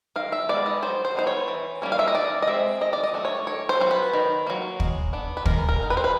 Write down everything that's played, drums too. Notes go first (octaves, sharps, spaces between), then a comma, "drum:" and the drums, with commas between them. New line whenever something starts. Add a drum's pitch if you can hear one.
D#3 F5
E5
G#3 B3 D#4 D5
D#5
F#3 C5
C5
B3 D#4 C5
C#5
E3
G3 A#3 C#4
F5
E5
D#5
D#3 D5
D#5
G#3 C4 E5
D#3 D#5
D5
D#5
F#3 A3 D4
C#5
D#3 C#5
C5
F#3 B3 C5
B4
D#3
F#3 A#3
G#3, drum: kick
B3 D4
B4
G#3 A#4, drum: kick
A#4
B3 D#4
B4
C5
B4